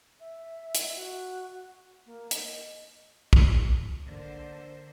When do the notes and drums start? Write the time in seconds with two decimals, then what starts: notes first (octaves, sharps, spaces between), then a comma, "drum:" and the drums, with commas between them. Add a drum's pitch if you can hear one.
0.20 E5
0.75 drum: hi-hat
0.96 F#4
2.06 A#3
2.31 D#5, drum: hi-hat
3.33 drum: kick
4.06 D3 A#3 C5